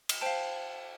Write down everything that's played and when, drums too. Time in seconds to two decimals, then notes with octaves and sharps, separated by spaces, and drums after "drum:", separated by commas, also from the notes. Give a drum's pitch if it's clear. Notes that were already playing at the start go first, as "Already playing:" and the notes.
0.09 drum: cymbal
0.21 C5 F5 G5 A5